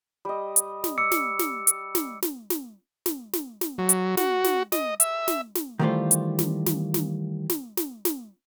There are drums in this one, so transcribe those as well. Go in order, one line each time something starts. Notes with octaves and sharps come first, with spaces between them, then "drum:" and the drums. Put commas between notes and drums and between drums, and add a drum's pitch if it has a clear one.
G3 D#5
drum: hi-hat
drum: snare
D6 E6 C#7
drum: snare
drum: snare
drum: hi-hat
drum: snare
drum: snare
drum: snare
drum: snare
drum: snare
drum: snare
F#3
drum: hi-hat
F#4, drum: snare
drum: snare
D#5, drum: snare
E5, drum: hi-hat
drum: snare
drum: snare
D#3 E3 G3 A3 F4 C5
drum: hi-hat
drum: snare
drum: snare
drum: snare
drum: snare
drum: snare
drum: snare